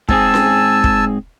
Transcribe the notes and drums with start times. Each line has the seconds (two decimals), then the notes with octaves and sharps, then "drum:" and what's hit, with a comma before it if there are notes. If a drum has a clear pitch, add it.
0.09 G#2 C4 G#4 G#5 A5 E6, drum: kick
0.34 drum: snare C#4
0.84 drum: kick